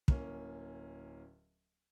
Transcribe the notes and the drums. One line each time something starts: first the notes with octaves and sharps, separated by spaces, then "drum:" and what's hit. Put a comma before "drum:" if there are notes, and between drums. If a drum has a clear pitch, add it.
D1 A#3 C#4, drum: kick